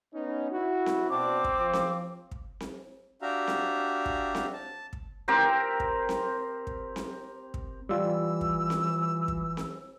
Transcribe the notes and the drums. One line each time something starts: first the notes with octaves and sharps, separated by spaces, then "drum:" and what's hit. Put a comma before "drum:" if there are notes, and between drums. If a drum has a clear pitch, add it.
B3 C#4 D#4
E4 F#4
drum: snare C4
B2 C4 D4 D6
drum: kick
F3
drum: snare C4
drum: kick
drum: snare C4
D4 F#4 G4 E5 F5 A#5
drum: snare C4
drum: kick
drum: snare C4
A5
drum: kick
C4 G4 A#4 C5
drum: kick
drum: snare C4
drum: kick
drum: snare C4
drum: kick
E3 G3 F4 E6
drum: kick
drum: snare C4
drum: kick
drum: snare C4